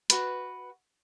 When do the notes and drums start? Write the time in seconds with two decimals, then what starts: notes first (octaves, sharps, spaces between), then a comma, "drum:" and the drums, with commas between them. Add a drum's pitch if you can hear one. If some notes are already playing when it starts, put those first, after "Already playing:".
0.10 F#4 B4, drum: hi-hat